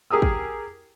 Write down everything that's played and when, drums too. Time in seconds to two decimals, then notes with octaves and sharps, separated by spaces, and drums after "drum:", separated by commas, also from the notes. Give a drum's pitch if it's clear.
0.10 G4 G#4 A#4 D#6 E6
0.22 drum: kick